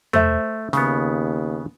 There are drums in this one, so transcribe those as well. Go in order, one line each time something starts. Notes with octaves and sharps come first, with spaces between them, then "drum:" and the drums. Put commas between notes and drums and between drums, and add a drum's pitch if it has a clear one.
A3 C5 E5, drum: tom
D#2 C#3 B3, drum: snare